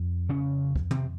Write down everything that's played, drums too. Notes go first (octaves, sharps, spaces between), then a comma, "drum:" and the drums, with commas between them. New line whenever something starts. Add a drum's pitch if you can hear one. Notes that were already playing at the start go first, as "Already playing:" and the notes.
Already playing: F2
C#3 C#4
drum: kick
C3 C4, drum: tom